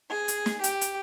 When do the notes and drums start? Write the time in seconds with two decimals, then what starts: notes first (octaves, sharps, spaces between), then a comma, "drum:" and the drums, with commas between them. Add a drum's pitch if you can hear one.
0.11 G#4
0.28 drum: hi-hat
0.46 drum: snare
0.64 G4, drum: hi-hat
0.81 drum: hi-hat